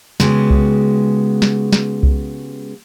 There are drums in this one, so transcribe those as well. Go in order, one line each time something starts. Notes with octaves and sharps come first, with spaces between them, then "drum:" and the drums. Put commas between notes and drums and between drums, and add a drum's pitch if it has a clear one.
C#3 G#3 B3 F#4 G4, drum: snare
drum: kick C2
drum: snare
drum: snare
drum: kick C2